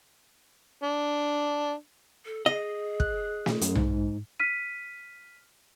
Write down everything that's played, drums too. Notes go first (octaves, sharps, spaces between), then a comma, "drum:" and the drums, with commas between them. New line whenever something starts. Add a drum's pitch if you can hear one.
D4
A4
G#4 D#5
F#6, drum: kick
drum: snare
F#2, drum: hi-hat
G#2, drum: tom B1
F6 B6 D#7